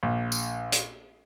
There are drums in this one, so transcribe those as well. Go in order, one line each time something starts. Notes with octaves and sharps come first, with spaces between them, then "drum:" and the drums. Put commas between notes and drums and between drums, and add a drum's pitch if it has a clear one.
A#1
drum: tambourine
drum: hi-hat